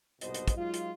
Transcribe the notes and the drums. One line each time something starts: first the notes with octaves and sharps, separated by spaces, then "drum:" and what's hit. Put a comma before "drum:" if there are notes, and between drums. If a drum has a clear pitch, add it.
C2 G#2 B2 C5 D#5, drum: hi-hat
drum: hi-hat
drum: kick, hi-hat
F#3 G#3 D#4 F4
drum: hi-hat